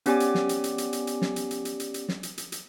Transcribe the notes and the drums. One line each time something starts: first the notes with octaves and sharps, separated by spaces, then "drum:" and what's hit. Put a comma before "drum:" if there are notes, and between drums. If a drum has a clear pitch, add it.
B3 C#4 G4 D5 G#5 D6, drum: hi-hat
drum: hi-hat
drum: snare
drum: hi-hat
drum: hi-hat
drum: hi-hat
drum: hi-hat
drum: hi-hat
drum: snare
drum: hi-hat
drum: hi-hat
drum: hi-hat
drum: hi-hat
drum: hi-hat
drum: snare
drum: hi-hat
drum: hi-hat
drum: hi-hat